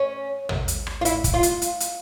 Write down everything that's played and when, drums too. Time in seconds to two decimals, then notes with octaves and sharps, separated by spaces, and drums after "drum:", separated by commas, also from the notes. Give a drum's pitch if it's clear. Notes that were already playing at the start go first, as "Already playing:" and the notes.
Already playing: C#4
0.49 drum: tom
0.68 drum: hi-hat
0.87 drum: rim click
1.01 F4
1.05 E4, drum: hi-hat
1.24 drum: kick, hi-hat
1.34 F4
1.43 drum: hi-hat
1.62 drum: hi-hat
1.80 drum: hi-hat